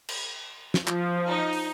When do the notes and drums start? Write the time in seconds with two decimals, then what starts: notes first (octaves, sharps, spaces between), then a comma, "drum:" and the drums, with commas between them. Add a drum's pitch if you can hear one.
0.08 drum: cymbal
0.74 drum: snare
0.87 F3, drum: clap
1.28 D#4
1.53 drum: open hi-hat